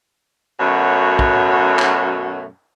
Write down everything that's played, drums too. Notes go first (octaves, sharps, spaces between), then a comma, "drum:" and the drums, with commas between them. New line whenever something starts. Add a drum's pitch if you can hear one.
F#2 B2 A3 F#4 C#5
drum: kick
drum: clap